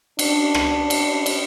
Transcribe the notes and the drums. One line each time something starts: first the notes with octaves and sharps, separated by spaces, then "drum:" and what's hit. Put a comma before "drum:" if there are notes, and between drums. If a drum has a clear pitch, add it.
D4, drum: cymbal
drum: rim click
drum: cymbal
drum: cymbal